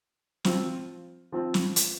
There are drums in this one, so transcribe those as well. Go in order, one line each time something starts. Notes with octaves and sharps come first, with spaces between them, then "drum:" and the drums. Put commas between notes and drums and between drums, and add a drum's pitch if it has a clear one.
F3 C4 F4, drum: snare
F3 C4 F4
drum: snare
drum: hi-hat